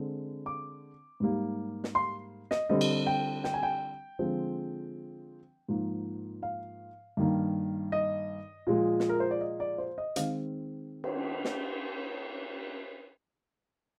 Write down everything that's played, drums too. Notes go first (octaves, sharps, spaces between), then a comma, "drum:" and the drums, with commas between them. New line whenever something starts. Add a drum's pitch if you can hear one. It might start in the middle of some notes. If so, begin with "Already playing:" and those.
Already playing: D3 G#3 C4
D6
G#2 G3 A#3
drum: snare
C6
D#5, drum: snare
D3 G3 C4 D#5
drum: cymbal
G5
G5, drum: snare
G#5
G5
D3 F3 G#3 C4
G#2 F3 A#3
F5
G2 D#3 A#3
D#5
A#2 F3 G#3
drum: snare
A#4
C5
D5
D#5
D5
C5
D#5
D#3 G#3 C4 F5, drum: hi-hat
drum: cymbal
drum: snare